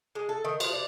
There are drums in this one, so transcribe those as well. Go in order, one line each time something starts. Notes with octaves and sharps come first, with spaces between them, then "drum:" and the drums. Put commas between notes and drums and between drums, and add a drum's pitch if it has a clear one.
G#3
A4
D#3
F3, drum: cymbal
D5